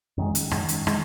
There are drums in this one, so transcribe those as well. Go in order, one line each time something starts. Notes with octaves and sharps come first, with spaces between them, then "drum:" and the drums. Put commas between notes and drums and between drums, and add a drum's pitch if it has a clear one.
F#2 D#3 G#3
drum: hi-hat
F#2 D#3 G#3, drum: rim click
drum: hi-hat
D#3 G#3, drum: rim click